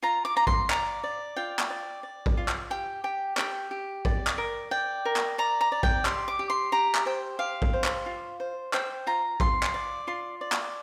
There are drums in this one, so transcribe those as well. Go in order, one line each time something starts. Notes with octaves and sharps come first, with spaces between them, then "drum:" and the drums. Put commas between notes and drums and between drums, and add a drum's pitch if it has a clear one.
F4 A#5
D6
F4 A#5
C6, drum: kick A1
D5 A#5, drum: clap
D5
F4 G5
drum: clap
D5
D5
drum: kick A1
F4
drum: clap
G4 G5
G4 G5
G4 G5, drum: clap
G4
D5, drum: kick A1
drum: clap
A#4
D5 G5
A#4
drum: clap
D5 A#5
A#5
D5
G5, drum: kick A1
G4 C6, drum: clap
D6
G4
C6
G4 A#5
drum: clap
C5 G5
G4 F5
drum: kick A1
C5
drum: clap
F4
C5
C5 G5, drum: clap
F4 A#5
F4 C6, drum: kick A1
drum: clap
D5
F4 C6
D5
drum: clap